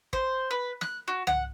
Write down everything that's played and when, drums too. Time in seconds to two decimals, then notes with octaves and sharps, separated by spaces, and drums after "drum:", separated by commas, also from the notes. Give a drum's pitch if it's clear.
0.13 C5, drum: kick
0.51 B4
0.81 F#6, drum: snare
1.08 F#4
1.27 F#5, drum: tom C2